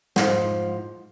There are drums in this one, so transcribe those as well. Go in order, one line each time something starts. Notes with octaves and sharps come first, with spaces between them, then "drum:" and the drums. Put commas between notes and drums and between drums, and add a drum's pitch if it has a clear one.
G#2 F3, drum: snare